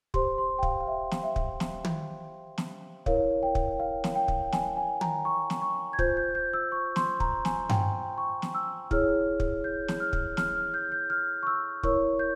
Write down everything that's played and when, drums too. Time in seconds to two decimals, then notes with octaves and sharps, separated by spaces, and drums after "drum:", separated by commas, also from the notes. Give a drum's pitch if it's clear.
0.14 G4 C5 C6, drum: kick
0.38 C6
0.59 G5
0.63 F5, drum: kick
0.80 F5
0.88 E5
1.11 drum: snare
1.23 E5
1.36 drum: kick
1.60 drum: snare
1.85 drum: tom
2.58 drum: snare
3.06 E4 A#4 C#5 F5, drum: kick
3.43 G5
3.55 drum: kick
3.80 F5
4.04 drum: snare
4.16 G5
4.28 drum: kick
4.52 G#5, drum: snare
4.77 G#5
5.01 A#5, drum: tom
5.25 C#6
5.50 drum: snare
5.62 C#6
5.93 G#6
5.99 F4 C5 G6, drum: kick
6.17 G6
6.35 G6
6.54 E6
6.72 C#6
6.96 C6, drum: snare
7.20 A#5, drum: kick
7.45 G#5, drum: snare
7.69 G5, drum: tom G2
8.18 C#6
8.42 drum: snare
8.54 E6
8.91 E4 G#4 C#5 F6, drum: kick
9.40 drum: kick
9.64 G6
9.88 drum: snare
10.00 F6
10.13 drum: kick
10.37 F6, drum: snare
10.55 F6
10.74 G6
10.92 G6
11.10 F6
11.43 C#6
11.47 E6
11.83 E4 A#4 C#5 C#6, drum: kick
12.19 G6